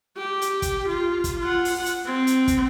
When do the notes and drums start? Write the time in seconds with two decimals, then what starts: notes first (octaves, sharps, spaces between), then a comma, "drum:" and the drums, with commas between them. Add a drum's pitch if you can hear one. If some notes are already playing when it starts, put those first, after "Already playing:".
0.17 G4
0.42 drum: hi-hat
0.62 drum: kick, hi-hat
0.89 F4
1.24 drum: kick, hi-hat
1.40 F4 F#5
1.65 drum: open hi-hat
1.86 drum: hi-hat
2.06 C4
2.27 drum: hi-hat
2.47 drum: kick, hi-hat